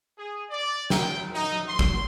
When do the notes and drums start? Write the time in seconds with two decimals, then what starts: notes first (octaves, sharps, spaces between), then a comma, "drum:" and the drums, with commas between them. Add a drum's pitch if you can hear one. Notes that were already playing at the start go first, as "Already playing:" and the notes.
0.18 G#4
0.50 D5
0.90 G5, drum: snare
1.35 D#4
1.68 C6
1.79 drum: kick G#1